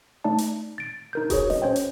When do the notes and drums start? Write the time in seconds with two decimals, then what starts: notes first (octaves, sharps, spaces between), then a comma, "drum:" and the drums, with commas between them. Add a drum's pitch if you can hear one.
0.24 A3 D#4 D5 A5
0.38 drum: hi-hat
0.78 A6 D7
1.13 D#4 A#4 G6
1.30 F#4 G#4 B4 C#5, drum: kick D#1, hi-hat
1.50 D#5, drum: snare
1.62 C#4 C5 C#5 G5
1.76 drum: hi-hat